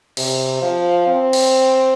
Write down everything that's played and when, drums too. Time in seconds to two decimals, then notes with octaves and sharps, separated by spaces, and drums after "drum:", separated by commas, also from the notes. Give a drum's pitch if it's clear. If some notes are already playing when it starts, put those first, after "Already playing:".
0.17 C3, drum: cymbal
0.62 F3
1.07 C4
1.33 drum: cymbal